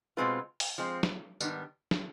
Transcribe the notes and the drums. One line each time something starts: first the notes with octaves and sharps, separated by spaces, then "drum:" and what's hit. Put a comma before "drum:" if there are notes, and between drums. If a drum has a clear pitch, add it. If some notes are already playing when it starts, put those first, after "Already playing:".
B2 G#3 C4 F4 B4
drum: open hi-hat
F3 G#3 C4
drum: snare
G#2 D#3 G3 B3 D4, drum: tambourine
drum: snare